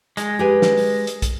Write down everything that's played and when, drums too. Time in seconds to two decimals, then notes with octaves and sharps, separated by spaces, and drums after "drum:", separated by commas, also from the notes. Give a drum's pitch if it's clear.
0.17 G#3, drum: hi-hat
0.39 G4 B4 G#5
0.62 drum: snare
0.77 drum: open hi-hat
1.07 drum: hi-hat
1.22 drum: kick, hi-hat